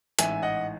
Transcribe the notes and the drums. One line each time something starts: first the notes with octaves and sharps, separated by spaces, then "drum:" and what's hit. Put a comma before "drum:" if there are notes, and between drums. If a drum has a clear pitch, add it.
A1 G#2 E3 E5 G#5, drum: hi-hat
D#5 F#5